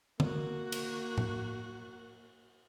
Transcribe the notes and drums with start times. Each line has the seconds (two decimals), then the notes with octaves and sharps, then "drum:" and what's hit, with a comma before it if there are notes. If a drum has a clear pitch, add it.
0.20 A#3 F#4, drum: tom
0.72 drum: cymbal
1.18 drum: tom A2